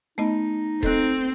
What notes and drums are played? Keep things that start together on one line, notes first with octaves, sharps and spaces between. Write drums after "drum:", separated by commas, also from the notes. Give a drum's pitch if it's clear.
A3 B3 D#4 D#5
C4 A4 D#5 F#6, drum: kick D#1